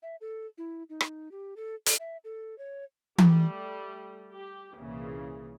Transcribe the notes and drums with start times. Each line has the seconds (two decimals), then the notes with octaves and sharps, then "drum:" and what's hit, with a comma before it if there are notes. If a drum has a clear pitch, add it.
0.03 E5
0.21 A4
0.58 E4
0.90 D#4
1.01 drum: rim click
1.31 G4
1.56 A4
1.86 A4, drum: hi-hat
1.99 E5
2.24 A4
2.58 C#5
3.18 G3 A3, drum: tom E3
4.32 G4
4.77 C2 A#2 C#3 E3